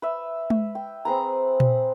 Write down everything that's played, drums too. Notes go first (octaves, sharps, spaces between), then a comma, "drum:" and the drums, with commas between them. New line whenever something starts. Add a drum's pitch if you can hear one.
B4 E5
drum: tom G#3
G5
C4 G#4 B4 A#5
drum: tom A#2